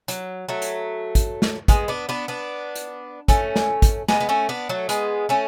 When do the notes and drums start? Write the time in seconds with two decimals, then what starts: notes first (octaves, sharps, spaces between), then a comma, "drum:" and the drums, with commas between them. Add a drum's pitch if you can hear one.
0.08 F#3, drum: hi-hat
0.49 F#3 A3
0.62 drum: hi-hat
1.15 drum: kick, hi-hat
1.42 drum: snare
1.68 G#3 B3, drum: kick, hi-hat
1.88 B3 D4
2.09 B3 D4
2.28 B3 D4
2.75 drum: hi-hat
3.28 A3 C#4, drum: kick, hi-hat
3.56 drum: snare
3.82 drum: kick, hi-hat
4.08 G#3 B3, drum: snare
4.20 B3
4.29 A3 C#4
4.49 B3 D4
4.69 F#3 A3
4.89 G#3 B3, drum: hi-hat
5.29 A3 C#4